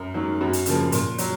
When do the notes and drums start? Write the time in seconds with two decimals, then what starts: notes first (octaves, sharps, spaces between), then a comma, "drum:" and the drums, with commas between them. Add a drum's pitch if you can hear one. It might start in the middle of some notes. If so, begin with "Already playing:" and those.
Already playing: F#2
0.14 D#3 F#3 A#3
0.41 F#2 F#4
0.53 drum: hi-hat
0.66 C#3 F3 A#3, drum: hi-hat
0.92 A#2, drum: hi-hat
1.18 F#3, drum: hi-hat